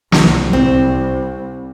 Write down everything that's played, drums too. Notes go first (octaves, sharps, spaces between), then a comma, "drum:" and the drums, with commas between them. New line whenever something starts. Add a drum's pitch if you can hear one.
C2, drum: snare
C4